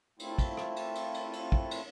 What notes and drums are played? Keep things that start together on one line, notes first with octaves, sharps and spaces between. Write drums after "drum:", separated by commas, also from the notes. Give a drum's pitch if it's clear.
A3 C4 E4 F4, drum: cymbal
drum: kick, cymbal
drum: rim click
drum: cymbal
drum: cymbal
drum: cymbal
drum: cymbal
drum: kick
drum: cymbal